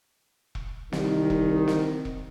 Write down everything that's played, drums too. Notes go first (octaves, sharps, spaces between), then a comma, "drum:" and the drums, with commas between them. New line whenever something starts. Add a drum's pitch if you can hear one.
drum: kick E1
C2 D#3, drum: snare
drum: kick E1
drum: snare
drum: kick E1